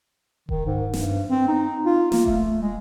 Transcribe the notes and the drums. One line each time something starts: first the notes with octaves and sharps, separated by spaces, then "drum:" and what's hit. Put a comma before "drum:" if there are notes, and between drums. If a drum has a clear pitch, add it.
D#3, drum: kick D#1
G#2
G2, drum: snare
C4
D#4
F4
A#3, drum: snare
A3, drum: kick D#1
G#3